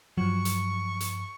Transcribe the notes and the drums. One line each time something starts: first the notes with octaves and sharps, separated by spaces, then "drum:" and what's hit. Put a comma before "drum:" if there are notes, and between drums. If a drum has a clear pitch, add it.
G2 F3 F#3 C#6
drum: hi-hat
drum: hi-hat